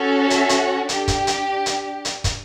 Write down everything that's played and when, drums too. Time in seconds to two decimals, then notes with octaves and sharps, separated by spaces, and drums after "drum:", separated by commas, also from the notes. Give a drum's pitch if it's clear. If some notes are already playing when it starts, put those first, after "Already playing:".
Already playing: C#4 F#4 A4
0.30 E5, drum: hi-hat
0.49 drum: hi-hat
0.58 F#5
0.89 D4 G4 G5, drum: hi-hat
1.08 drum: kick, hi-hat
1.27 drum: hi-hat
1.66 drum: hi-hat
2.05 drum: hi-hat
2.24 drum: kick, hi-hat